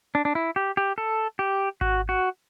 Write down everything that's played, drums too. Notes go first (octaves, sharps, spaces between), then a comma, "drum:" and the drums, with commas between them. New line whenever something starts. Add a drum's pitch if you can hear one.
D4
D4
E4
G4
G4
A4
G4
F#4, drum: kick G#1
F#4